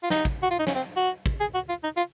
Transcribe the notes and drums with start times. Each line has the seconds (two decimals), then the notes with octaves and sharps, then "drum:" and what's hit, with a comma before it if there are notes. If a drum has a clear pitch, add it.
0.03 F4
0.10 D#4, drum: snare
0.25 drum: kick
0.43 F#4
0.51 F4
0.59 D#4
0.67 C#4, drum: snare
0.75 C4
0.96 F#4
1.26 drum: kick
1.40 G#4
1.54 F#4
1.69 F4
1.84 D#4
1.97 F4